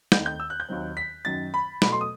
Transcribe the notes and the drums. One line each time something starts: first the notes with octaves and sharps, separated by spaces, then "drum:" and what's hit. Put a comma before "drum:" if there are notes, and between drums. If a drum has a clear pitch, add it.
D#2 D#3 A3 C4 G6, drum: snare
G6
E6
F#6
G6
D#2 D#3 F#3 C4
B6
F#2 D#3 F#3 A6
B5
B2 F#3 A3 B5, drum: snare
C6
D#6